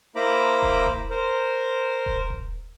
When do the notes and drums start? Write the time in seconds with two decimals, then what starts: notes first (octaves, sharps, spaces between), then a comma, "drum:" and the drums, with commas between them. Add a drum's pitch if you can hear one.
0.16 A#3 E4 C5 A#5 B5 D6
0.62 drum: kick D#1
0.86 drum: kick D#1
1.10 A#4 C5
2.06 drum: kick D#1
2.30 drum: kick D#1